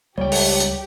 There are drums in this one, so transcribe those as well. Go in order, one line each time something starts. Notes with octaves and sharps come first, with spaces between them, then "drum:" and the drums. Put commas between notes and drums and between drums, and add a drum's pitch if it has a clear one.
C#2 G3 G#3 G4 C#5 G5
drum: open hi-hat
drum: hi-hat